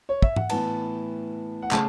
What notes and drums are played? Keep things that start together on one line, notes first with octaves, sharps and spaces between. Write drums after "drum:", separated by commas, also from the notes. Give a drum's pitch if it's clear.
C#5
E5, drum: kick
F#5, drum: tom G#2
A2 E3 B3 A5, drum: cymbal
F#5
C#3 A3 A5, drum: clap